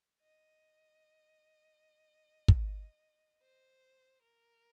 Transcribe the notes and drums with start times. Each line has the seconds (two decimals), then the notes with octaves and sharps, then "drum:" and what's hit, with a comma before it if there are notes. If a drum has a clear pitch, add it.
0.21 D#5
2.48 drum: kick
3.42 C5
4.23 A#4